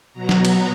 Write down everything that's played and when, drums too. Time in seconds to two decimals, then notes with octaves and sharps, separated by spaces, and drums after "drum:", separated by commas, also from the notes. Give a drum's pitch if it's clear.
0.13 B2 F#3 B3 A#5
0.29 drum: snare
0.45 drum: cymbal